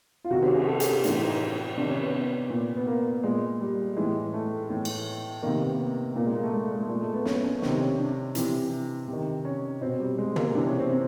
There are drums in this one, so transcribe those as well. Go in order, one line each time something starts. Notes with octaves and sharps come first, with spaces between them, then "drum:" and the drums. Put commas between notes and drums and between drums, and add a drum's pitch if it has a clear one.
F4
C3 D#3 F#4
G4, drum: cymbal
G#4
A4
G#4, drum: hi-hat
G4
A2 E3 D4, drum: hi-hat
D#4
C3 D#3 D4
C#4
B3
A#2
B3
A#3
A#2 G#3
G3
A2 E3 G#3
A3
A2 E3
drum: cymbal
C3 D#3 A#3
B3
A#2 A#3
G#3
A#3
A3
G#3
G#3
A3
A#2 G#3
A3
B3
C#4, drum: snare
C#4
C3 D#3 C4, drum: snare
C#4
D4
C3 E3, drum: hi-hat
C3 D#3
C#4
B2 C4
G3
G#3
A#3, drum: tom
C3 E3 D4
C#4
C4
C4